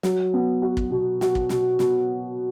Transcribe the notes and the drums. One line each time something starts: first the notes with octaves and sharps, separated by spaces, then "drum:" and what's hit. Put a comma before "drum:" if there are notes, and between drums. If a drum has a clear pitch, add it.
F#3, drum: snare
B3
F#4
drum: kick
B2
F#4, drum: snare
drum: kick
B2, drum: snare
B2, drum: snare